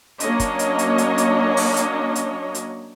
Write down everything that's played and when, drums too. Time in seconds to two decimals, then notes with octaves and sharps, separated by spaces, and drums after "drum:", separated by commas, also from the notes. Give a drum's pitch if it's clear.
0.20 F#3 A#3 C#4 D4 C#5 D#5, drum: hi-hat
0.40 drum: kick, hi-hat
0.59 drum: hi-hat
0.79 drum: hi-hat
0.98 drum: hi-hat
1.18 drum: hi-hat
1.57 drum: open hi-hat
1.76 drum: hi-hat
2.15 drum: hi-hat
2.55 drum: hi-hat